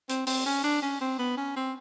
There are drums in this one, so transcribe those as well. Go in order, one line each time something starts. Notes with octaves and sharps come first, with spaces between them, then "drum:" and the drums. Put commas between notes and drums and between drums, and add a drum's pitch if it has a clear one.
C4, drum: hi-hat
C4, drum: open hi-hat
C#4
D4
C#4
C4
B3
C#4
C4